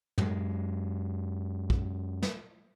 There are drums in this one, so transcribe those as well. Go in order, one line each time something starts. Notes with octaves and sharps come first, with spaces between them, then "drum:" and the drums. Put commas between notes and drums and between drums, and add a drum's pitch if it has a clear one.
F#2 G#3, drum: tom
drum: kick
drum: snare